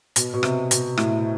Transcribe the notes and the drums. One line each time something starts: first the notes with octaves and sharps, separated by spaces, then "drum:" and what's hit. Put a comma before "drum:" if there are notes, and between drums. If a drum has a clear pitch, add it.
B2, drum: hi-hat
B2
C3, drum: rim click
B2, drum: hi-hat
A2, drum: rim click